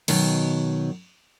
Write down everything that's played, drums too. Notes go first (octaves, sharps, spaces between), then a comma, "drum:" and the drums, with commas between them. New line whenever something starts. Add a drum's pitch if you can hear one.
B2 D#3 F#3, drum: cymbal